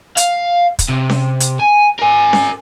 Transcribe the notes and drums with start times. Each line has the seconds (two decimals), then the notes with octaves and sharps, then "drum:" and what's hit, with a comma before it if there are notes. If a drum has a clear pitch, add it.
0.17 F5, drum: hi-hat
0.79 drum: kick, hi-hat
0.89 C3
1.10 drum: snare C#4
1.40 drum: hi-hat
1.60 G#5
1.99 A#4 G#5
2.33 drum: snare C#4